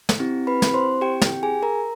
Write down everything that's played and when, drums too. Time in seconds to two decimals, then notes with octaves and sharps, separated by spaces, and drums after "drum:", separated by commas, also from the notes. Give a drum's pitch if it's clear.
0.09 drum: snare
0.20 C4 E4 G4
0.47 B4 B5
0.62 drum: snare
0.74 C5 C6
1.01 G4 G5
1.22 G4 G5, drum: snare
1.43 G#4 G#5
1.63 A#4 A#5